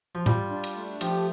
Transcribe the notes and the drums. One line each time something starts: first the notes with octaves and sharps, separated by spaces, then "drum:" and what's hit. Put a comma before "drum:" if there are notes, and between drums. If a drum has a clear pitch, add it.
F3
G3 F4, drum: tom G#2
D4
drum: cymbal
A3
F3 G4, drum: cymbal